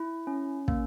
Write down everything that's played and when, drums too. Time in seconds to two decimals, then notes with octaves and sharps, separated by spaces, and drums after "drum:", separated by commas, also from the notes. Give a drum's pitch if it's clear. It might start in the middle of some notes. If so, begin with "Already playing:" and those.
Already playing: E4
0.27 C#4
0.68 A#3, drum: kick